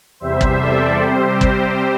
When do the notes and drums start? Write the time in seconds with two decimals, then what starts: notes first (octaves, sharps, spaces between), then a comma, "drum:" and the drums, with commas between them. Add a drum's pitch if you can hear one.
0.20 E2 C3 G3 C5 E5
0.41 drum: kick
0.60 A4 D5
1.01 C3 G3 C4 G4 C5
1.41 G4 C5, drum: kick